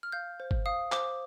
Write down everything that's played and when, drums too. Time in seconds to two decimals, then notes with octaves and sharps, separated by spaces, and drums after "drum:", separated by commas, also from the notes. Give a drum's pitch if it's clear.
0.03 F6
0.12 F5 G6
0.40 C5
0.51 drum: kick G1
0.66 F5 D#6
0.92 C5 D6, drum: clap